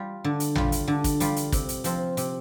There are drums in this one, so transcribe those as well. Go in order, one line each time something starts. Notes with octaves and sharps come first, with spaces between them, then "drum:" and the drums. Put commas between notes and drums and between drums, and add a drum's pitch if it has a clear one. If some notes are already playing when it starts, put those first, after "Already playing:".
Already playing: G3 F4
D3
drum: hi-hat
G3 F4, drum: tom
drum: hi-hat
D3
drum: kick, hi-hat
G3 F4, drum: hi-hat
drum: hi-hat
C3, drum: kick, hi-hat
drum: hi-hat
F3 C4 F4, drum: hi-hat
C3, drum: hi-hat